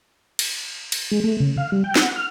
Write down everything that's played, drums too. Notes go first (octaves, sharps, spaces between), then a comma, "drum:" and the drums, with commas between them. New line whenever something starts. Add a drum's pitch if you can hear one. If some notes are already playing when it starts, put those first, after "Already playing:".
drum: cymbal
drum: cymbal
G#3
A3
C#3
F5
G3
G5
F#5, drum: snare
F6